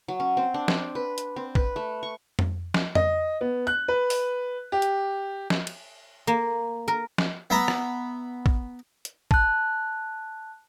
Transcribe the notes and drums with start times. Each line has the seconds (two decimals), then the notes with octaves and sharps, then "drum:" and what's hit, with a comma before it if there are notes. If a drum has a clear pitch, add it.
0.08 F#3
0.20 C#4
0.37 C4
0.54 D4
0.68 C4, drum: snare
0.95 B4
1.18 drum: hi-hat
1.36 C4
1.55 B4, drum: kick A1
1.76 A3
2.03 C#6
2.39 drum: tom F2
2.74 drum: snare
2.95 D#5, drum: tom F2
3.41 B3
3.67 F#6
3.88 B4
4.10 drum: open hi-hat
4.72 G4
4.82 drum: hi-hat
5.50 drum: snare
5.67 drum: cymbal
6.27 A#3
6.88 A#4
7.18 drum: snare
7.50 B3 E5 A#5
7.68 drum: rim click
8.46 drum: kick A1
9.05 drum: hi-hat
9.31 A5 F#6, drum: kick A1